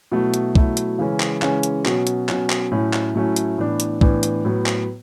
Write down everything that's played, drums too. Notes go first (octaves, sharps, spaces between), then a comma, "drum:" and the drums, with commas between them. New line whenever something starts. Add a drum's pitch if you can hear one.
B2 F#3 A3 E4
drum: hi-hat
B2 F#3 A3 E4, drum: kick
drum: hi-hat
C#3 E3 G#3 C#4
drum: clap
C#3 E3 G#3 C#4, drum: clap
drum: hi-hat
B2 F#3 C#4, drum: clap
drum: hi-hat
B2 F#3 C#4, drum: clap
drum: clap
A2 F#3 A3 C#4 E4
drum: clap
A2 F#3 A3 C#4 E4
drum: hi-hat
A2 E3 B3 D4
drum: hi-hat
A2 E3 B3 D4, drum: kick
drum: hi-hat
A2 F#3 B3
drum: clap